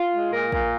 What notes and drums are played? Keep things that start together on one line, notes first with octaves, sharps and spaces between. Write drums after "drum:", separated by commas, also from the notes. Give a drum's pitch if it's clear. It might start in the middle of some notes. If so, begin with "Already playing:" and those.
Already playing: F4
G#3
A#2 A#4
A#2, drum: kick